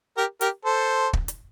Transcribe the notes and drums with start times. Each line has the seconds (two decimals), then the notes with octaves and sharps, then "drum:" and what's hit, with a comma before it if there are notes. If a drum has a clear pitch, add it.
0.17 G4 A#4
0.41 G4 A#4, drum: hi-hat
0.65 A4 C5
1.13 drum: kick
1.28 drum: hi-hat